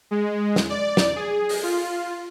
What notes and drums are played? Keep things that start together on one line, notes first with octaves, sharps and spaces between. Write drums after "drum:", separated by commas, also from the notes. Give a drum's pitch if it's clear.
G#3
drum: snare
D5
drum: snare
G#4
drum: open hi-hat
F4